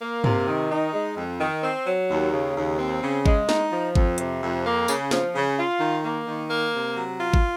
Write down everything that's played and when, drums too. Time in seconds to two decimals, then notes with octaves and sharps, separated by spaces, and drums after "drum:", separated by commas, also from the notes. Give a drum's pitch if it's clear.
0.01 A#3
0.24 C3, drum: tom
0.47 D#3
0.70 D#4
0.93 G#3
1.17 F2
1.40 D#3
1.63 C4
1.86 F#3
2.09 D#2
2.32 C#3
2.56 D#2
2.79 C4
3.02 C#3
3.26 G#3, drum: kick G#1
3.49 D#4, drum: snare
3.72 F3
3.95 F2, drum: kick G#1
4.18 C3, drum: hi-hat
4.42 F2
4.65 A#3
4.88 C#3, drum: tambourine
5.11 F3, drum: snare
5.34 C#3
5.58 F4
5.80 D#3
6.05 A#3
6.28 D#3
6.50 A#3
6.74 C3
6.96 F#3
7.20 F4
7.34 drum: kick G#1